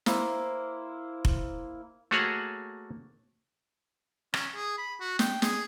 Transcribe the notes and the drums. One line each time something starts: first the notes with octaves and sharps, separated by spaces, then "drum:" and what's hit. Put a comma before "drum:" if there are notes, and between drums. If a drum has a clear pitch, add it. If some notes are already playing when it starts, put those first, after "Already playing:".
A#3 E4 C5, drum: snare
drum: kick F1
A3 A#3 F#4 G#4 C#5 F#5
C#4, drum: rim click
G#4
B5
F#4
G5, drum: snare
G#4, drum: snare